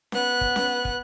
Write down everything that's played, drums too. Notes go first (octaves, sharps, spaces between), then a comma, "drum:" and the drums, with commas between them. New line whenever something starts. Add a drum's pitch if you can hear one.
B3 F#6, drum: snare C#4
drum: kick
drum: snare C#4
drum: kick